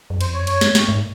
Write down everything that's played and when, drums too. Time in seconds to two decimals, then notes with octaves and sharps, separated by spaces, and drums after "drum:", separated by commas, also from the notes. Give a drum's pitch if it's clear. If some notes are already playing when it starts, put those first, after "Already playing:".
0.10 F#2
0.21 F2 C5, drum: cymbal
0.34 C#5
0.41 F#2
0.47 C#5, drum: cymbal
0.61 G2, drum: snare
0.75 drum: snare
0.88 G#2